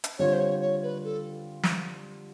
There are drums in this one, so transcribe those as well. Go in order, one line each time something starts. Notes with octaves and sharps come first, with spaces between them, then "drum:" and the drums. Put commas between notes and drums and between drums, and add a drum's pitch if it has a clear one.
drum: hi-hat
D3 G3 C4 F4 C#5
C5
C#5
C#5
B4
A4
drum: snare